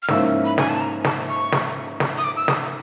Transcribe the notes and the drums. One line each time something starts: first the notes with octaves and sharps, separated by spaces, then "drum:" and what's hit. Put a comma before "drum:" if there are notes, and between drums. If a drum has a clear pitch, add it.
F6
G#2 F3 A#3 C#4 E4 E6, drum: snare
B5
G#5, drum: snare
A5
A#5
A5, drum: snare
C#6
drum: snare
drum: snare
D#6
D6
E6
D#6, drum: snare